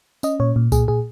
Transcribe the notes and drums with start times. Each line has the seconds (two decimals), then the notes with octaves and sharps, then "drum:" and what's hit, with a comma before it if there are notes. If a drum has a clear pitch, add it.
0.23 C#4 D#5, drum: tambourine
0.40 A#2 C#5
0.56 A#2
0.72 A#2 G#4, drum: kick C2, tambourine
0.88 A#2 G#4